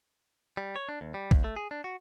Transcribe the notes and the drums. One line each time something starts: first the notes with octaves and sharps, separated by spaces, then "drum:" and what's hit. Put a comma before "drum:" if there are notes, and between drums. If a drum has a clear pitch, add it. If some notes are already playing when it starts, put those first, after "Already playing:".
G3
C#5
D4
D#2
G3
D#2, drum: kick
A3
G#4
D4
F#4